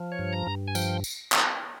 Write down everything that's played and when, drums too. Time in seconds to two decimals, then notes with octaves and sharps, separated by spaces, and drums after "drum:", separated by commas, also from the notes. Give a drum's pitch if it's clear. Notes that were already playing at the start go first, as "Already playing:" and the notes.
Already playing: F3
0.12 C#5
0.19 G2
0.33 A#5
0.47 G2
0.68 G#5
0.75 F3 G5, drum: tambourine
1.04 drum: tambourine
1.32 drum: clap